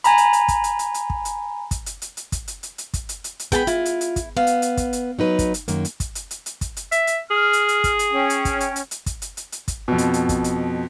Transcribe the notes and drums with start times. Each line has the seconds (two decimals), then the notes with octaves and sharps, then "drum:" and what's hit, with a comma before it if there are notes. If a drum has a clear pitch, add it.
0.04 G#5 A#5 B5, drum: hi-hat
0.18 drum: hi-hat
0.33 drum: hi-hat
0.48 drum: kick, hi-hat
0.64 drum: hi-hat
0.79 drum: hi-hat
0.94 drum: hi-hat
1.10 drum: kick
1.25 drum: hi-hat
1.71 drum: kick, hi-hat
1.86 drum: hi-hat
2.02 drum: hi-hat
2.17 drum: hi-hat
2.32 drum: kick, hi-hat
2.48 drum: hi-hat
2.63 drum: hi-hat
2.78 drum: hi-hat
2.94 drum: kick, hi-hat
3.09 drum: hi-hat
3.24 drum: hi-hat
3.40 drum: hi-hat
3.52 B3 G#4 G5 A5 B5, drum: kick, hi-hat
3.67 E4 F4, drum: hi-hat
3.85 drum: hi-hat
4.01 drum: hi-hat
4.16 drum: kick, hi-hat
4.37 B3 F5
4.47 drum: hi-hat
4.62 drum: hi-hat
4.77 drum: kick, hi-hat
4.93 drum: hi-hat
5.19 F#3 D#4 B4
5.39 drum: kick, hi-hat
5.54 drum: hi-hat
5.68 F#2 D#3 A#3, drum: hi-hat
5.85 drum: hi-hat
6.00 drum: kick, hi-hat
6.15 drum: hi-hat
6.31 drum: hi-hat
6.46 drum: hi-hat
6.61 drum: kick, hi-hat
6.77 drum: hi-hat
6.92 E5, drum: hi-hat
7.07 drum: hi-hat
7.31 G#4 F6
7.53 drum: hi-hat
7.68 drum: hi-hat
7.84 drum: kick, hi-hat
7.99 drum: hi-hat
8.11 C#4 G5
8.30 drum: hi-hat
8.45 drum: kick, hi-hat
8.60 drum: hi-hat
8.76 drum: hi-hat
8.91 drum: hi-hat
9.06 drum: kick, hi-hat
9.22 drum: hi-hat
9.37 drum: hi-hat
9.52 drum: hi-hat
9.68 drum: kick, hi-hat
9.88 F2 B2
9.98 drum: hi-hat
10.14 drum: hi-hat
10.29 drum: kick, hi-hat
10.44 drum: hi-hat